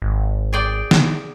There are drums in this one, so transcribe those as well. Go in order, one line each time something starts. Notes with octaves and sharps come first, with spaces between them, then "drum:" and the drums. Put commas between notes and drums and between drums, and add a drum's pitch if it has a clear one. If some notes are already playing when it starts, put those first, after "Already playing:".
G#1
G#4 D5 G5
drum: snare